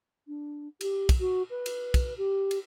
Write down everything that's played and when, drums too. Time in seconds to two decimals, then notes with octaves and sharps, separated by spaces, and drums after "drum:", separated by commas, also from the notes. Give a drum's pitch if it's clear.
0.27 D4
0.81 G4, drum: cymbal
1.09 drum: kick, cymbal
1.20 F#4
1.50 B4
1.66 drum: cymbal
1.94 drum: kick, cymbal
2.17 G4
2.51 drum: cymbal